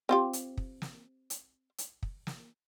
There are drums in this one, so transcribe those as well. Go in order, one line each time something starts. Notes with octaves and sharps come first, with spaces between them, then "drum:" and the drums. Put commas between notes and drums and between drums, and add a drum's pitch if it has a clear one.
C4 F4 G4
drum: hi-hat
drum: kick
drum: snare
drum: hi-hat
drum: hi-hat
drum: kick
drum: snare